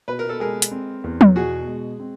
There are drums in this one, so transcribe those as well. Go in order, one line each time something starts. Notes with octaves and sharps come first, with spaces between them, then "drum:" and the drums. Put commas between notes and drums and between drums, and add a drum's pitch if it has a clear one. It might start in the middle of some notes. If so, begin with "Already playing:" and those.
B2 B4
A#4
A4
G#3 G#4 A#4
drum: hi-hat
C4
E2
drum: tom
B2 F#4 G#4
G#3
C4